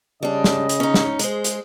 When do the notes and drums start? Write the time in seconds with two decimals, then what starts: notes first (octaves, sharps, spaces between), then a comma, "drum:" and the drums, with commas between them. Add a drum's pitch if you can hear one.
0.23 C#3 G3 D4 D#5
0.44 drum: snare
0.69 drum: hi-hat
0.80 C#4 D#4
0.94 drum: snare
1.19 G#3 G#4 C5, drum: hi-hat
1.44 drum: hi-hat